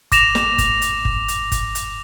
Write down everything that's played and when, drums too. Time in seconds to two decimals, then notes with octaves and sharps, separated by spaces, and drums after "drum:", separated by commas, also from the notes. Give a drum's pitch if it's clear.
0.12 D6 A#6 E7 F7, drum: kick G1, hi-hat
0.35 drum: snare
0.58 drum: kick G1, hi-hat
0.82 drum: hi-hat
1.05 drum: kick G1
1.28 drum: hi-hat
1.52 drum: kick G1, hi-hat
1.75 drum: hi-hat